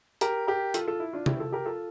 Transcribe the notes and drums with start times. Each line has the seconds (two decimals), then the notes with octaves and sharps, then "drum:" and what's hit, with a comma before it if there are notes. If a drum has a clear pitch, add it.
0.21 G4 A#4, drum: hi-hat
0.47 G4 A#4
0.74 F4 A4, drum: hi-hat
0.88 F4 A4
1.00 E4
1.13 D4 F4
1.26 E4 G4, drum: tom C3
1.40 F4 A4
1.52 G4 A#4
1.66 F4 A4